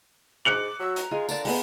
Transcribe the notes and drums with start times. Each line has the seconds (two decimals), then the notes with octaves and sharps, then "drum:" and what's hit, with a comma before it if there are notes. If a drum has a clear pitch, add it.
0.45 G#2 D6 F#6 C#7 F#7
0.80 F#3 E6
0.96 A#5, drum: hi-hat
1.11 G#3 F4 G#5
1.29 D3 A#4 D5 A5, drum: tambourine
1.45 G#3 B3 A#5, drum: open hi-hat